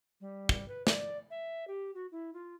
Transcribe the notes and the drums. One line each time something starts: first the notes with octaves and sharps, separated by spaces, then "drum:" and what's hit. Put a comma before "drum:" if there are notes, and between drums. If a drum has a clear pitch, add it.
G3
drum: kick
B4
D5, drum: snare
E5
G4
F#4
E4
F4